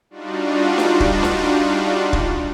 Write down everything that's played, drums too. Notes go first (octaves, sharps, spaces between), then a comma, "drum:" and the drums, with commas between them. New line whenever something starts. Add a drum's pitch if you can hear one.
G3 D4 D#4 F4 F#4
drum: snare
drum: kick
drum: snare
drum: kick